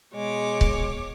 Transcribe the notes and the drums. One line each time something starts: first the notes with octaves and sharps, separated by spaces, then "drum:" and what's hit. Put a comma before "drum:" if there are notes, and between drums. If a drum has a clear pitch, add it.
B2 G#3 C#5 D6
drum: kick C#1